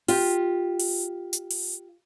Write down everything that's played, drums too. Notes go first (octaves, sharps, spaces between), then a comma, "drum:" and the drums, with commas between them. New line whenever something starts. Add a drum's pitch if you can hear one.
F4 G4, drum: open hi-hat
drum: open hi-hat
drum: hi-hat
drum: open hi-hat